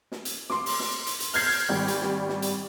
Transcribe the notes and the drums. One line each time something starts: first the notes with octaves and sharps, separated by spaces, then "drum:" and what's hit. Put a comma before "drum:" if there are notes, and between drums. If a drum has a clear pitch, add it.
drum: snare
drum: hi-hat
C6 D6, drum: snare
drum: open hi-hat
drum: snare
drum: hi-hat
drum: hi-hat
F6 G6 G#6 C7, drum: open hi-hat
G#1 G3
drum: hi-hat
drum: snare
drum: snare
drum: hi-hat